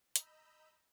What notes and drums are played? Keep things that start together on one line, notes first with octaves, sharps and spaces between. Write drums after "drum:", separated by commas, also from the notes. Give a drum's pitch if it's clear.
D#5 A#5 B5 E6 G6, drum: hi-hat